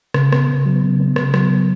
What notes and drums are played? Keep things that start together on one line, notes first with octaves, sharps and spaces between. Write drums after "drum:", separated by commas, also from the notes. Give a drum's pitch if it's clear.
C#3, drum: rim click
B3, drum: rim click
C#3
F#3
C#3
B3
C#3, drum: rim click
F#3, drum: rim click
C#3